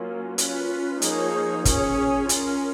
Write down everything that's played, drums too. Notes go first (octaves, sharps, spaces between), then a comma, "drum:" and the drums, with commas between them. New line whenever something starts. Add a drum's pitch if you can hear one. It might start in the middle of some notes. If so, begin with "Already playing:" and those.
Already playing: F#3 A#3 C#4 F4
C#4 F4 B4, drum: hi-hat
F3 A#3 D#4 G#4 C#5, drum: hi-hat
C#4 G#4 C#5, drum: kick, hi-hat
C#4 F4 A#4, drum: hi-hat